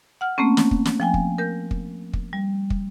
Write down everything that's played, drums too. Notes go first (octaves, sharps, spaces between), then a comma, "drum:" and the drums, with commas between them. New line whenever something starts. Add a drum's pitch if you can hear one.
F#5 F6
A3 A#3 C4 C#4
drum: snare
drum: kick
drum: snare
F3 G5 G#5
drum: kick
A#4 G6
drum: kick
drum: kick
G3
drum: kick